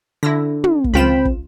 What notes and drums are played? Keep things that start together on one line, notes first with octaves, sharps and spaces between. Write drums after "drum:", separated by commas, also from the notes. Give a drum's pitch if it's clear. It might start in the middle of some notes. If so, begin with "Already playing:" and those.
D3 E4 E6 A#6
drum: tom
drum: kick
C#2 C4 F4 G5 B5 E7
drum: kick